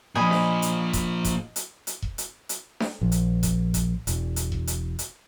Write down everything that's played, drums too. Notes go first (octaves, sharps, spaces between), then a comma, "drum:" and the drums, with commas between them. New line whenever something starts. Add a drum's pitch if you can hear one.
A#2 F3 D#5 G#5 B5
drum: snare D4
drum: hi-hat
drum: kick E1, hi-hat
drum: kick E1, hi-hat
drum: hi-hat
drum: hi-hat
drum: kick E1
drum: hi-hat
drum: hi-hat
drum: snare D4
A#1
drum: hi-hat
drum: kick E1, hi-hat
drum: kick E1, hi-hat
E1, drum: hi-hat
drum: hi-hat
drum: kick E1
drum: hi-hat
drum: hi-hat